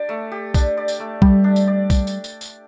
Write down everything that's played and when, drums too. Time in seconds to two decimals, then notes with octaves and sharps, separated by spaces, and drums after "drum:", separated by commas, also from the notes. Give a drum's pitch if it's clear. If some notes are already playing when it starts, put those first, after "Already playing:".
Already playing: D4 G4 D5
0.09 A3
0.32 G4
0.54 D4, drum: kick, tambourine
0.77 D5
0.88 drum: tambourine
0.99 A3
1.22 G3 G4, drum: kick
1.44 D4
1.56 drum: tambourine
1.67 D5
1.90 drum: kick, tambourine
2.07 drum: tambourine
2.24 drum: tambourine
2.41 drum: tambourine